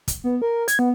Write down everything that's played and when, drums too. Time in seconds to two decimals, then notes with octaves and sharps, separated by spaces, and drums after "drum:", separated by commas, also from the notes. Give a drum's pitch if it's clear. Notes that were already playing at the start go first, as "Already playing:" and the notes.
0.08 drum: kick, hi-hat
0.24 B3
0.42 A#4
0.68 G#6, drum: hi-hat
0.79 B3